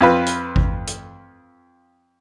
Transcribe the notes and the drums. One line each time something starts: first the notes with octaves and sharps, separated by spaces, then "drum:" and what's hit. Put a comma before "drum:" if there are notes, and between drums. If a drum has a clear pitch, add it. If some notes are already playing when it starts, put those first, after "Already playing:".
F2 F4 B4
drum: hi-hat
drum: kick G#1
drum: hi-hat